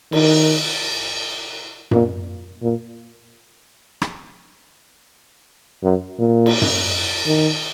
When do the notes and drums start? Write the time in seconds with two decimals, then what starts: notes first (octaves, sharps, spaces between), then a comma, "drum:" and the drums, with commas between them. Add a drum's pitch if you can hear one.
0.12 D#3, drum: cymbal
1.91 A#2, drum: tom F#2
2.62 A#2
4.02 drum: rim click
5.83 F#2
6.19 A#2
6.46 drum: cymbal
6.62 drum: tom F#2
7.26 D#3